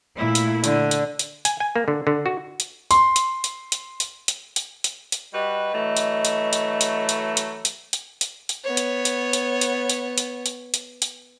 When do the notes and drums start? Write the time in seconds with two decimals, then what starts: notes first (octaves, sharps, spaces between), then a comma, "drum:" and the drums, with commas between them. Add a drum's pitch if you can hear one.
0.14 A#2 A3 E4
0.35 drum: hi-hat
0.64 D3, drum: hi-hat
0.91 drum: hi-hat
1.19 drum: hi-hat
1.45 G#5, drum: hi-hat
1.60 G#5
1.76 A#3
1.88 D3
2.07 D3
2.26 F#4
2.60 drum: hi-hat
2.91 C6, drum: hi-hat
3.16 drum: hi-hat
3.44 drum: hi-hat
3.72 drum: hi-hat
4.00 drum: hi-hat
4.28 drum: hi-hat
4.56 drum: hi-hat
4.84 drum: hi-hat
5.12 drum: hi-hat
5.34 G3 F#4 B4 D#5
5.74 E3 F#3 A3
5.97 drum: hi-hat
6.25 drum: hi-hat
6.53 drum: hi-hat
6.81 drum: hi-hat
7.09 drum: hi-hat
7.37 drum: hi-hat
7.65 drum: hi-hat
7.93 drum: hi-hat
8.21 drum: hi-hat
8.49 drum: hi-hat
8.64 B3 C#5
8.77 drum: hi-hat
9.05 drum: hi-hat
9.33 drum: hi-hat
9.61 drum: hi-hat
9.89 drum: hi-hat
10.18 drum: hi-hat
10.46 drum: hi-hat
10.74 drum: hi-hat
11.02 drum: hi-hat